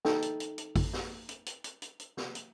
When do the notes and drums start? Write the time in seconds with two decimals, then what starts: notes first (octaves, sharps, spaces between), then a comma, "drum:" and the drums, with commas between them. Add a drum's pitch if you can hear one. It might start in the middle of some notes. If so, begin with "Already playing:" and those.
0.05 D#4 A4 G5, drum: snare
0.22 drum: hi-hat
0.40 drum: hi-hat
0.58 drum: hi-hat
0.76 drum: kick G#1, open hi-hat
0.93 drum: snare
1.29 drum: hi-hat
1.46 drum: hi-hat
1.64 drum: hi-hat
1.82 drum: hi-hat
2.00 drum: hi-hat
2.17 drum: snare
2.35 drum: hi-hat